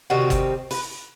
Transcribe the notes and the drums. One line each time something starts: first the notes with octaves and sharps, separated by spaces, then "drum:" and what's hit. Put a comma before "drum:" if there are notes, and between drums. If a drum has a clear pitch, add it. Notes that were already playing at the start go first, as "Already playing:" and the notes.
C3 D#3 G3 C4 F#4
drum: kick G1, hi-hat
B4, drum: open hi-hat